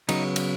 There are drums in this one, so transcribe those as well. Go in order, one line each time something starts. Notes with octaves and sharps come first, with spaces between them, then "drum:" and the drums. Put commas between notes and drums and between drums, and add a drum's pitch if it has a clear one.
C#3 F#3 B3 D#4, drum: cymbal
drum: cymbal